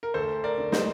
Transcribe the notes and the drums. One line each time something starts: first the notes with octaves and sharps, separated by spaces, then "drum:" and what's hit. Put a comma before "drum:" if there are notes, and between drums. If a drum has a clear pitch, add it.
A#4
D2 A4 C5
A#4 D5
D3
C5 D#5, drum: snare